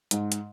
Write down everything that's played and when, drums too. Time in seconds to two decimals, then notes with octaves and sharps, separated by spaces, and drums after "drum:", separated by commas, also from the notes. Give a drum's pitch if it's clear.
0.11 G#2, drum: hi-hat
0.32 drum: hi-hat